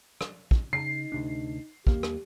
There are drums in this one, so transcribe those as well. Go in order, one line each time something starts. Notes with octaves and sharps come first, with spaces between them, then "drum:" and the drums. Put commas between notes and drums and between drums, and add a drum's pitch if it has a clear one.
drum: rim click
drum: kick
C#3 D#4 C7
D2 C3 D4
D#2 A#3 G4, drum: kick
drum: rim click